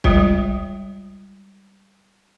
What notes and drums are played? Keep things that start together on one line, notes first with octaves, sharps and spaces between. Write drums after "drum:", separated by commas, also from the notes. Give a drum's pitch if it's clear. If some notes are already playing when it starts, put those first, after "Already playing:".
G3 G#3 F4 C#5 E5 G5, drum: kick